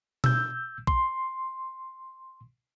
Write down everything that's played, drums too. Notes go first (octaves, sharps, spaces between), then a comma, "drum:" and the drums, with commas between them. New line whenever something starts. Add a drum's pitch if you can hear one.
E6 G6, drum: tom B2
C6, drum: kick B1